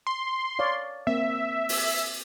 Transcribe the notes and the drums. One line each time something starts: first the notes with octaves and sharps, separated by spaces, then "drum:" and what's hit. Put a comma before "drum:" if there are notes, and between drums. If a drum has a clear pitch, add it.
C6
C#5 D5 F5
A#3 C4 E5
drum: open hi-hat